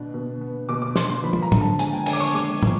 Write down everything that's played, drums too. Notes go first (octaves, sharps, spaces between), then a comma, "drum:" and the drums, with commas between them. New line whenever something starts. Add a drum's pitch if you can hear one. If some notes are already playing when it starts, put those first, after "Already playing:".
Already playing: B2 D4
B2
B3
B2 D6
D6
D4 C6, drum: snare
C6
F3 B5
drum: tom
A#5
D3, drum: tom
A5
G#3 G#5, drum: hi-hat
G5
D3 G#5, drum: cymbal
D6
C#6
G#3 D6
F3, drum: tom